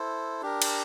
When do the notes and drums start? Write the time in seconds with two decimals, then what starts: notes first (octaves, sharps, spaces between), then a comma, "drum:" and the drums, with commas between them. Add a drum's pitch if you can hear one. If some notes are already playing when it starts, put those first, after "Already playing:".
Already playing: E4 A4 C5
0.42 D4 G4 A#4
0.62 drum: cymbal